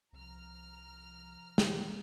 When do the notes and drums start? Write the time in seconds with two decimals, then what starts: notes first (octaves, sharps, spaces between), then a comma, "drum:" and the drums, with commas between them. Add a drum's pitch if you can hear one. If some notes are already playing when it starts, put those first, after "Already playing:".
0.13 C2 F3 A#5 F6
1.58 drum: snare